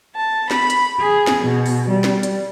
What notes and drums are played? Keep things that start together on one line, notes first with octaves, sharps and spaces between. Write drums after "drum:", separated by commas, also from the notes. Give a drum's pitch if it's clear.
A5
B5, drum: snare
drum: hi-hat
G#4
drum: snare
B2
drum: open hi-hat
G3
drum: snare
drum: hi-hat